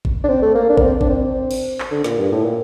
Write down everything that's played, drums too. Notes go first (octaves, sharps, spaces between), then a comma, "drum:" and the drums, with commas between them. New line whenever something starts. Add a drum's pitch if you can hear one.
drum: kick G#1
D4
C4
A3
A#3
D4
A#3, drum: kick G#1
C4
D4, drum: kick G#1
C4
drum: cymbal
drum: clap
D3
A#2, drum: snare
G2
A2
A#2